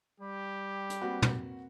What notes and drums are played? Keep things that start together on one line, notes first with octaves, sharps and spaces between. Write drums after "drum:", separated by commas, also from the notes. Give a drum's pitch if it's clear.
G3 G4
drum: hi-hat
A#3 C4 F#4 B4
drum: tom